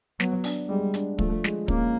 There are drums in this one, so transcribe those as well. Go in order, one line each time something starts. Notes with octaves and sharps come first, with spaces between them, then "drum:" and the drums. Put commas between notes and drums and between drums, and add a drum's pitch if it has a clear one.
F#3 B3, drum: snare
D4, drum: open hi-hat
G3 G#3
D4, drum: hi-hat
F3 A3, drum: kick
G#3, drum: snare
A#3 C#4, drum: kick